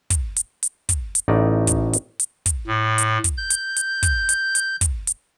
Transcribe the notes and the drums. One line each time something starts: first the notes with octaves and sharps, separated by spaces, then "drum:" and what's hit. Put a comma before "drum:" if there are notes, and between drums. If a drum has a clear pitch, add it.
drum: kick, hi-hat
drum: hi-hat
drum: hi-hat
drum: kick, hi-hat
drum: hi-hat
A1 A2 D#4 D5 G5
drum: kick, hi-hat
drum: hi-hat
drum: hi-hat
drum: kick, hi-hat
A2
drum: hi-hat
drum: kick, hi-hat
G6
drum: hi-hat
drum: hi-hat
drum: kick, hi-hat
drum: hi-hat
drum: hi-hat
drum: kick, hi-hat
drum: hi-hat